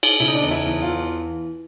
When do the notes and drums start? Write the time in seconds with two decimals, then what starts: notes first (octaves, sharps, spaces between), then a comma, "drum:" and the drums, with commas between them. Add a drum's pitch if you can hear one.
0.03 drum: cymbal
0.20 C#3 E4
0.28 D#4
0.35 D4
0.42 E2 D#4
0.51 E4
0.66 E2
0.82 F4
0.89 E3